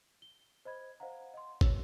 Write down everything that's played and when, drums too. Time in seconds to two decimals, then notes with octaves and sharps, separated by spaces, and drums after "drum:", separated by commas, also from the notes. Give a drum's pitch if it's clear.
0.22 G7
0.65 C5 D#5 B5 G#6
1.00 C5 D#5 F5 F#5 A#5
1.34 D#5 C6
1.61 F#4 C#5 E6, drum: kick